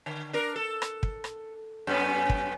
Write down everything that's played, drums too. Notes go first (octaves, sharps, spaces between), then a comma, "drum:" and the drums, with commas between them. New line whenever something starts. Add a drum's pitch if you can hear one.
D3
D4 A#4
A4
drum: rim click
drum: kick
drum: rim click
F#2 B3 C#4
drum: kick